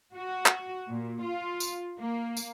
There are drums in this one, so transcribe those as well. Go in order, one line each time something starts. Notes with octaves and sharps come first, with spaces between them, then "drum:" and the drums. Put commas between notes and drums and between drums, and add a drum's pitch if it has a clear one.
F#4
drum: clap
A#2
F4
drum: tambourine
A#3
drum: tambourine